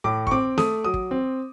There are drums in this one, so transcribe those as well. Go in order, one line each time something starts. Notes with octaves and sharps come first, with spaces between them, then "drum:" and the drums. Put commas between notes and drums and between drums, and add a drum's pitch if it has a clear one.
A2 D6
C#6, drum: kick
C4 D6
A3 D#6, drum: snare
F#3 D#6
drum: kick
C4